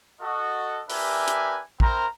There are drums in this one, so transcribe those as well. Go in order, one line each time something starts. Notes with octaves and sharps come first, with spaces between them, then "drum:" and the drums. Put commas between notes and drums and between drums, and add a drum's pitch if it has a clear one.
F#4 A4 D#5
D4 G4 A#4 B4 E5 G#5, drum: open hi-hat
drum: hi-hat
C4 E4 A#4 C5 A#5, drum: kick